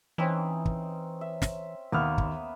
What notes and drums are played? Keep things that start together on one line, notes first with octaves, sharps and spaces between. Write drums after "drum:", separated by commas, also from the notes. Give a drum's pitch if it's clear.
E3 C4 C#4 D#4
drum: kick
E5
drum: snare
D#2 A#3 B3 E5 F6
drum: kick